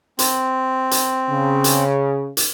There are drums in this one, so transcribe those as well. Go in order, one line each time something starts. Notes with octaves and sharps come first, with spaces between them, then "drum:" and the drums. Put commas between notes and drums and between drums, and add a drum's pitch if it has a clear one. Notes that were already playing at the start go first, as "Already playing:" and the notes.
C4, drum: hi-hat
drum: hi-hat
C#3
drum: hi-hat
drum: hi-hat